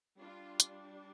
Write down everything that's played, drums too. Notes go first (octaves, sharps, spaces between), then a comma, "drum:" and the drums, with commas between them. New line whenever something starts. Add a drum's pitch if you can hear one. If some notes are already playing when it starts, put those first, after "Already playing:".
G3 D4 F4
drum: hi-hat